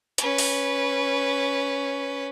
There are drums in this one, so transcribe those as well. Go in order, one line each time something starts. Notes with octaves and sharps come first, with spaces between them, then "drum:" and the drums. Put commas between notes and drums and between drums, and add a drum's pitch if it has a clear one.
C#4 B4, drum: hi-hat
drum: open hi-hat